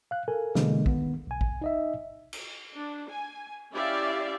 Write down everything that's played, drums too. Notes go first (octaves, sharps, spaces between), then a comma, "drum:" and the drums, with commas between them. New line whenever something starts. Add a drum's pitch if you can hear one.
F5 F#6
A4 A#4 G#5
B2 D3 E3 G#3 A#3 B3, drum: snare
D#3 B3, drum: kick A1
B1 G#5
drum: kick A1
D#4 D#5 E5
drum: cymbal
D4
G#5
C#4 E4 G4 D5 E5 F5